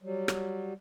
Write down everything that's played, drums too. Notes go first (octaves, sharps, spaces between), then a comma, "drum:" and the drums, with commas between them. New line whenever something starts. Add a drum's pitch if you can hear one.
F#3 G3
drum: rim click